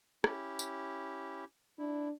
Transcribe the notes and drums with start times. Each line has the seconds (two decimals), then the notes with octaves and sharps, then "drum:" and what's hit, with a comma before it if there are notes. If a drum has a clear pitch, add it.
0.24 C#4 E4 G4, drum: rim click
0.59 drum: tambourine
1.79 D4 E4